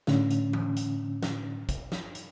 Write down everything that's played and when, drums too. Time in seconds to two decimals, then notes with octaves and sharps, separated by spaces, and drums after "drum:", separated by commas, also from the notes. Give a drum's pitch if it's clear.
0.07 A2 D3 C#4, drum: snare
0.30 drum: hi-hat
0.53 drum: tom E3
0.76 drum: hi-hat
1.23 drum: snare
1.69 drum: kick, hi-hat
1.92 drum: snare
2.15 drum: hi-hat